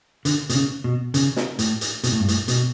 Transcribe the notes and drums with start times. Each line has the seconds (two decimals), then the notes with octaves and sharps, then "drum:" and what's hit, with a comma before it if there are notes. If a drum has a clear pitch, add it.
0.25 D3, drum: hi-hat
0.50 B2, drum: hi-hat
0.54 C#3
0.84 B2
1.14 C#3, drum: hi-hat
1.36 drum: snare
1.59 A2, drum: hi-hat
1.81 drum: hi-hat
2.04 B2, drum: hi-hat
2.12 A2
2.20 G2
2.28 A2, drum: hi-hat
2.48 B2, drum: hi-hat